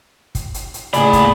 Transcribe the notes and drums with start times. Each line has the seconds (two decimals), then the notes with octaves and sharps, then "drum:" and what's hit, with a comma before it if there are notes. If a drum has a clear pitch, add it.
0.35 drum: kick, hi-hat
0.54 drum: hi-hat
0.74 drum: hi-hat
0.93 C#2 A2 A#3 G#4 D5 B5, drum: hi-hat
1.13 drum: kick, hi-hat